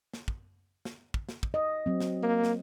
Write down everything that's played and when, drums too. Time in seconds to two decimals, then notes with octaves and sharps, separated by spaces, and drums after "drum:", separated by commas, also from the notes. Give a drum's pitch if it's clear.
0.13 drum: snare
0.28 drum: kick
0.85 drum: snare
1.14 drum: kick
1.29 drum: snare
1.43 drum: kick
1.54 D#5
1.86 F#3 C4
2.00 drum: snare
2.23 A#3
2.44 drum: snare